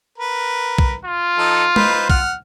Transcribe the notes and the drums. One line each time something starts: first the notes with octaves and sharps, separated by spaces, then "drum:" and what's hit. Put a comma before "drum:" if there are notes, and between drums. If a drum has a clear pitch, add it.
A#4 B4
drum: kick
F4
F3 D#4 A4
D#4 B4 C5, drum: tom
F#5 F6, drum: kick